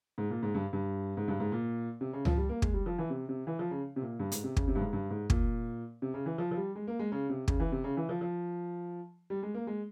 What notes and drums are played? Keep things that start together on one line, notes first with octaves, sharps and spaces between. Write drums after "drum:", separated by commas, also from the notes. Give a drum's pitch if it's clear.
G#2
A#2
G#2
G2
G2
G#2
G2
G#2
A#2
C3
C#3
F3, drum: tom C#2
G3
A#3
G#3, drum: kick
G3
F3
E3
C3
C3
E3
F3
C#3
C3
A#2
G2
G#2, drum: hi-hat
C3
C#3, drum: kick
C3
G2
G#2
G2
G#2
A#2, drum: kick
C3
C#3
E3
F3
F3
G3
G#3
A#3
G#3
C#3
C3
C#3, drum: kick
E3
C3
C#3
E3
F3
F3
G3
G#3
A#3
G#3